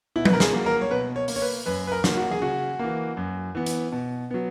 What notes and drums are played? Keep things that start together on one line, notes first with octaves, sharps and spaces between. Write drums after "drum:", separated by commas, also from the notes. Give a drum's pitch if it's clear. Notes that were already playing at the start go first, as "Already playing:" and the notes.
B2 E4
B4, drum: tom F#3
A#4
G#4, drum: snare
F#3 A#3
A#4
C#5
B2 B4
C#5
A#3, drum: open hi-hat
C#5
B4
F#2 B4
B4
A#4
D#3 F#3 A#3, drum: snare
F#4
G#4
C#3 F#4
E3 A#3
F#2
E3 B3
drum: hi-hat
B2
F#3 B3